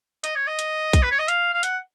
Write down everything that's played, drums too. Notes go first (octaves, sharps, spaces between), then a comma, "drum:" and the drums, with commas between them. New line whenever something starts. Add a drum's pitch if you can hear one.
D#5, drum: hi-hat
C#5
D#5
drum: hi-hat
drum: kick B1, hi-hat
B4
C#5
D#5
F5, drum: hi-hat
F5
F#5, drum: hi-hat